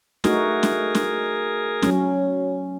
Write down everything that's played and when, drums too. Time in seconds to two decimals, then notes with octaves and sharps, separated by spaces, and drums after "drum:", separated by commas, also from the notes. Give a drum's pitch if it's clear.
0.24 A3 D#4 F#4 G#4 A#4, drum: snare
0.63 drum: snare
0.95 drum: snare
1.82 F#3 C#4, drum: snare